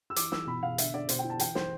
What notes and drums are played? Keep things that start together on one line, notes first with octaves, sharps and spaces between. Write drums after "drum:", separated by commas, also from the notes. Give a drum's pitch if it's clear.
E6
E3 D6, drum: hi-hat
E3 E6, drum: snare
B2 B5
B2 F5
D3 E5, drum: hi-hat
D3 D5
B2 C5, drum: hi-hat
G5
E4
A5
E3 G5, drum: hi-hat
E3 C5, drum: snare